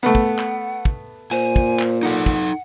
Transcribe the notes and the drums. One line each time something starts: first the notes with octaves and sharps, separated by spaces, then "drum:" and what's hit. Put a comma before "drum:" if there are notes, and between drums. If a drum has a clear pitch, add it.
A3 B3 F#5
drum: kick
drum: clap
drum: kick
A#2 C5 G#5
drum: kick
drum: clap
D#4 A4 F#5
drum: kick